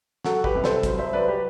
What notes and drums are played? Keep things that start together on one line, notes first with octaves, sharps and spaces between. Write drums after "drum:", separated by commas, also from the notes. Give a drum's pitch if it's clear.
F#3 F#4 A4, drum: snare
G4 B4, drum: kick
C2
A4 C5, drum: snare
F#3, drum: kick, hi-hat
C5 E5
F#3 B4 D5
G4 B4